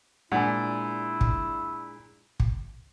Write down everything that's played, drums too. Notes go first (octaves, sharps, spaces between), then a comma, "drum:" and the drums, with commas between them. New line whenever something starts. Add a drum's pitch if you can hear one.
A#2 G#3 D4 E4 C5 F#5 G#5
drum: kick
drum: kick